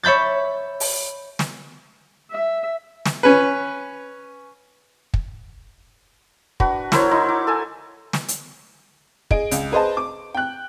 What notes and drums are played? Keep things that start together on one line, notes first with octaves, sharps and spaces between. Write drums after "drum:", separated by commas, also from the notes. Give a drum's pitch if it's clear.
C#5 E5 B5 G6 A6
drum: open hi-hat
drum: snare
E5
drum: snare
C#4 B4
drum: kick
D4 F#4 B4, drum: kick
E4 A#4 C5 C#5, drum: snare
D#4 E4
D6
A4 G#5
drum: snare
drum: hi-hat
G#4 D#5 D7, drum: kick
C#2, drum: hi-hat
G#4 B4 C5 D#5 A5
D6
G5 F#6